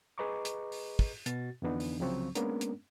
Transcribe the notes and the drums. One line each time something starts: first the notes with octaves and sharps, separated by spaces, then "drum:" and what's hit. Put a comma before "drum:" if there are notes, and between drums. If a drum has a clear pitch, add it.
G#4 B4 D#5 A#5 C#6 D6
drum: hi-hat
drum: open hi-hat
drum: kick, open hi-hat
B2 F#4 A6, drum: hi-hat
F2 D3 E3 B3 D4 D#4
drum: open hi-hat
C2 C#3 F3 F#3 C4 C#6
G#3 A#3 B3 C#4 D4 A#4, drum: hi-hat
drum: hi-hat